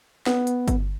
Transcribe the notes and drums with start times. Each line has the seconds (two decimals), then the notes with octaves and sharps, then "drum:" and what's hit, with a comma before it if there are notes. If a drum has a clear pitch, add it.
0.26 B3, drum: snare
0.47 drum: hi-hat
0.68 drum: kick G1, hi-hat